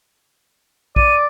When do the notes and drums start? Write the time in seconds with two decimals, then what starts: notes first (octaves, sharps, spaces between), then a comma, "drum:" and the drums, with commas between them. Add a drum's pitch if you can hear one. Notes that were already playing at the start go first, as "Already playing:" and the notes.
0.96 D5 D#7, drum: kick A#1